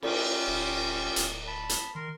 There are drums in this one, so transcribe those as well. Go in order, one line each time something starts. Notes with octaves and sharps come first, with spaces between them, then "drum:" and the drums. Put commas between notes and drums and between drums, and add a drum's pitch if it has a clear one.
C#4 F4 G4, drum: cymbal
D1
D1, drum: hi-hat
A5 B5
drum: hi-hat
D#3 A#4 C6